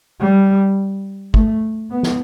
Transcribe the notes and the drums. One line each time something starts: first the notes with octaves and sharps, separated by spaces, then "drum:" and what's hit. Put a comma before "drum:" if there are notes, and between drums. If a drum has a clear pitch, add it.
G3
A3, drum: kick
B3
drum: snare